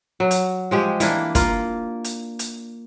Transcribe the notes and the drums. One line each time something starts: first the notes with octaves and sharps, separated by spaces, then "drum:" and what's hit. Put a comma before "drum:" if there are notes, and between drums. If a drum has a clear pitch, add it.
F#3
drum: hi-hat
F3 G#3 G4
E3 A#3 D4, drum: hi-hat
A#3 F4, drum: kick, hi-hat
drum: hi-hat
drum: hi-hat